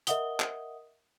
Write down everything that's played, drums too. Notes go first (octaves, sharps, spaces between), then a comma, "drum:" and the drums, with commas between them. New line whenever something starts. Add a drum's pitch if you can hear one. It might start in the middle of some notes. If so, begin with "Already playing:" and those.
A#4 D#5 E5 F#5 D#6 G7, drum: hi-hat
drum: clap